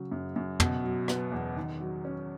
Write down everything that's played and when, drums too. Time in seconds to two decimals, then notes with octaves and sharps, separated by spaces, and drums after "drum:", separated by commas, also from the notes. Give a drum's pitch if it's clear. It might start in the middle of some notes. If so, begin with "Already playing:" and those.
Already playing: C#3 F#3
0.11 F#2
0.36 F#2
0.60 B2, drum: tom
0.84 F#3
1.08 B3, drum: rim click
1.32 E2
1.56 D#3
1.80 F#3
2.05 C#4